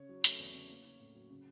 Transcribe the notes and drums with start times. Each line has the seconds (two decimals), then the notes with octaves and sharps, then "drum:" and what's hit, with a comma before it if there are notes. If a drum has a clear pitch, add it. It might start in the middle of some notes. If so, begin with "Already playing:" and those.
Already playing: C#3 C#5
0.09 F#3
0.24 A3, drum: hi-hat
0.39 E2
0.54 C#3
0.69 A#3
0.84 C#4
1.00 A2
1.15 F#3
1.30 C#3